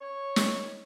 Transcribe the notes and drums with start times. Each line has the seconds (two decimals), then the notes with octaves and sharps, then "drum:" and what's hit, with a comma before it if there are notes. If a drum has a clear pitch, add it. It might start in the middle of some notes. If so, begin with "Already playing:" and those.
0.01 C#5
0.36 drum: snare